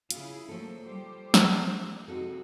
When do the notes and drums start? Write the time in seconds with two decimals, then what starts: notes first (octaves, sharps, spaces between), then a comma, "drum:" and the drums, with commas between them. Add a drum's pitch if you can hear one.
0.10 C#3 E4 F4 G#4, drum: hi-hat
0.48 F3 F#3 A3 A#3 A4
0.84 G3 G4 C5
1.34 drum: snare
2.08 F2 C3 D#4 F#4 G#4 A4